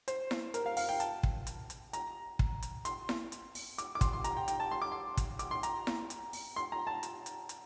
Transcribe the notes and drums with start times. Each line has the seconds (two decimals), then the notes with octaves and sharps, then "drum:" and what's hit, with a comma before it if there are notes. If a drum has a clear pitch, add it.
0.08 C5, drum: hi-hat
0.31 drum: snare E4
0.54 A#4, drum: hi-hat
0.66 F5
0.77 F5, drum: open hi-hat
0.89 G5
1.00 A5, drum: hi-hat
1.23 drum: kick
1.47 drum: hi-hat
1.70 drum: hi-hat
1.93 A#5, drum: hi-hat
2.39 drum: kick
2.62 drum: hi-hat
2.85 C6, drum: hi-hat
3.09 drum: snare E4
3.32 drum: hi-hat
3.55 drum: open hi-hat
3.78 D6, drum: hi-hat
3.95 D6
4.01 C6, drum: kick, hi-hat
4.13 C6
4.24 A#5, drum: hi-hat
4.37 G5
4.48 G5, drum: hi-hat
4.60 A5
4.71 C6
4.82 D6
4.92 C6
5.17 drum: kick, hi-hat
5.39 D6, drum: hi-hat
5.51 C6
5.63 A#5, drum: hi-hat
5.87 drum: snare E4
6.10 drum: hi-hat
6.33 drum: open hi-hat
6.56 C6
6.72 A#5
6.87 A5
7.03 drum: hi-hat
7.26 drum: hi-hat
7.49 drum: hi-hat